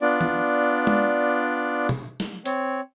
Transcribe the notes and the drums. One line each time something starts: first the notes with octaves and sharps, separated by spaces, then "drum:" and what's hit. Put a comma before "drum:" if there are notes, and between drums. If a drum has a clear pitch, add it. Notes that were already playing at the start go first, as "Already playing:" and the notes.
B3 D4 F4 D5
drum: tom D#3
drum: tom G#3
drum: tom
drum: snare
C4 C#5, drum: hi-hat